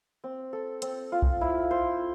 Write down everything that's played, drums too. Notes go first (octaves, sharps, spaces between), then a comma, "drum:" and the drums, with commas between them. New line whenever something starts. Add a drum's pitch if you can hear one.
C4
A4
C4, drum: hi-hat
F4
drum: kick B1
E4
C5